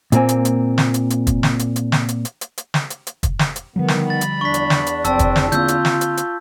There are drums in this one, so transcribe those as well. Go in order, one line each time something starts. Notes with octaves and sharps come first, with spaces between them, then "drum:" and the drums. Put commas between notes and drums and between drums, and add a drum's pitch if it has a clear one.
A#2 A#3 C4 G#5, drum: hi-hat
drum: hi-hat
drum: hi-hat
drum: snare
drum: hi-hat
drum: hi-hat
drum: kick, hi-hat
drum: snare
drum: hi-hat
drum: hi-hat
drum: snare
drum: hi-hat
drum: hi-hat
drum: hi-hat
drum: hi-hat
drum: snare
drum: hi-hat
drum: hi-hat
drum: kick, hi-hat
drum: snare
drum: hi-hat
D3 D#3 F3 G3 B3
drum: snare
B5 A6
drum: hi-hat
E2 D4 C#6 B6
drum: hi-hat
drum: snare
drum: hi-hat
F1 C4 A5 E6, drum: hi-hat
drum: kick, hi-hat
drum: snare
D3 A#3 C4 F4 E6 G6, drum: hi-hat
drum: hi-hat
drum: snare
drum: hi-hat
drum: hi-hat